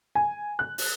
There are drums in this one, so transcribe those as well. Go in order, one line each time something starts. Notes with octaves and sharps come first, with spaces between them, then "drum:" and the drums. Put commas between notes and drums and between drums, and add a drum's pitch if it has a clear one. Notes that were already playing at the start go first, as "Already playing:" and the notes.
G#5
F#6
drum: open hi-hat